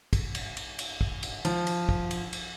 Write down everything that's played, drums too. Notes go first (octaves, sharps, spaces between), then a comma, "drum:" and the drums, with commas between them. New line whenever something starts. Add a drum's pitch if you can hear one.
drum: kick, cymbal
drum: cymbal
drum: cymbal
drum: cymbal
drum: kick
drum: cymbal
F3, drum: cymbal
drum: cymbal
drum: kick
drum: cymbal
drum: cymbal